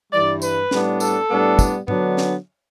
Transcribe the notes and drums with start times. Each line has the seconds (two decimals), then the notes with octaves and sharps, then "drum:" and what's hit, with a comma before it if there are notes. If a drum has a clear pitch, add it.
0.12 G2 E3 G3 D5
0.42 B4, drum: tambourine
0.71 A2 G3 B3 D4, drum: snare
1.00 A4, drum: tambourine
1.30 A2 G3 B3 D4
1.59 drum: kick, tambourine
1.88 D3 F#3 B3 D4, drum: tom
2.17 drum: snare